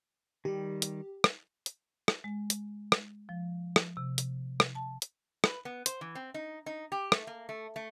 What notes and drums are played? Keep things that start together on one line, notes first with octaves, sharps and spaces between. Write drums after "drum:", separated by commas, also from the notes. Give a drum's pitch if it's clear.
D#3 G3 G4
drum: hi-hat
drum: rim click
drum: hi-hat
drum: rim click
G#3
drum: hi-hat
drum: rim click
F3
drum: rim click
C3
drum: hi-hat
drum: rim click
A5
drum: hi-hat
B4, drum: rim click
B3
C5, drum: hi-hat
E3
C4
D#4
D#4
G4
A3, drum: rim click
A#3
A3
A3